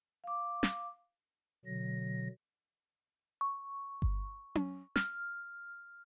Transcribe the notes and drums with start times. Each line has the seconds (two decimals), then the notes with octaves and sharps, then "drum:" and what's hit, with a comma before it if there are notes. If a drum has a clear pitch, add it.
0.24 F5 D6
0.63 drum: snare
1.65 B2 D3 F#3 A#6
3.41 C#6
4.02 drum: kick G1
4.55 drum: tom C#4
4.96 F6, drum: snare